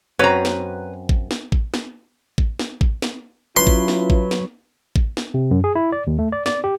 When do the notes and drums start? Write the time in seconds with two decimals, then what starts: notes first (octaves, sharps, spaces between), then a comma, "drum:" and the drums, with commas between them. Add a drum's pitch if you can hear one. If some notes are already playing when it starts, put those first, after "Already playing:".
0.19 F#2 C4 F#4 B4 C#5 A#5
0.45 drum: snare
1.09 drum: kick A1
1.31 drum: snare
1.52 drum: kick A1
1.74 drum: snare
2.38 drum: kick A1
2.59 drum: snare
2.81 drum: kick A1
3.02 drum: snare
3.57 F#3 C#4 E4 F4 B4 B5 C6
3.67 drum: kick A1
3.88 drum: snare
4.10 drum: kick A1
4.31 drum: snare
4.96 drum: kick A1
5.17 drum: snare
5.34 C3
5.51 F#2
5.64 G#4
5.75 E4
5.92 D5
6.07 D#2
6.19 A3
6.33 D5
6.46 D5, drum: snare
6.64 G4